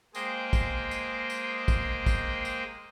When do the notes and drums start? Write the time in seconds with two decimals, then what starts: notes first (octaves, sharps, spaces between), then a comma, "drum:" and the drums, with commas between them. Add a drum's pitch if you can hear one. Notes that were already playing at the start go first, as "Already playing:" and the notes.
0.15 G#3 A#3 G#4 C5 D#5 G5, drum: tambourine
0.53 drum: kick, tambourine
0.91 drum: tambourine
1.30 drum: tambourine
1.68 drum: kick, tambourine
2.06 drum: kick, tambourine
2.45 drum: tambourine